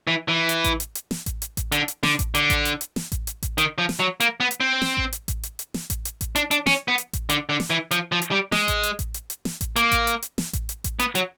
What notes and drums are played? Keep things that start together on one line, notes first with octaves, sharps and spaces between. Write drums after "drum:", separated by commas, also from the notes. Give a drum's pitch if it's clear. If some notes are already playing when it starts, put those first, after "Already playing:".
E3
E3
drum: hi-hat
drum: kick A1, hi-hat
drum: hi-hat
drum: hi-hat
drum: snare
drum: kick A1, hi-hat
drum: hi-hat
drum: kick A1, hi-hat
D3, drum: hi-hat
drum: hi-hat
D3, drum: snare
drum: kick A1, hi-hat
D3, drum: hi-hat
drum: kick A1, hi-hat
drum: hi-hat
drum: hi-hat
drum: snare
drum: kick A1, hi-hat
drum: hi-hat
drum: kick A1, hi-hat
D#3, drum: hi-hat
F3
drum: snare
F#3
A#3, drum: hi-hat
B3
drum: hi-hat
C4
drum: snare
drum: kick A1
drum: hi-hat
drum: kick A1, hi-hat
drum: hi-hat
drum: hi-hat
drum: snare
drum: kick A1, hi-hat
drum: hi-hat
drum: kick A1, hi-hat
D4, drum: hi-hat
D4, drum: hi-hat
C#4, drum: snare
B3
drum: hi-hat
drum: kick A1, hi-hat
D3, drum: hi-hat
D3
drum: snare
E3
F3, drum: hi-hat
F3
drum: hi-hat
G3
G#3, drum: snare
drum: kick A1, hi-hat
drum: hi-hat
drum: kick A1, hi-hat
drum: hi-hat
drum: hi-hat
drum: snare
drum: kick A1, hi-hat
A#3, drum: hi-hat
drum: kick A1, hi-hat
drum: hi-hat
drum: hi-hat
drum: snare
drum: kick A1, hi-hat
drum: hi-hat
drum: kick A1, hi-hat
B3, drum: hi-hat
F#3, drum: hi-hat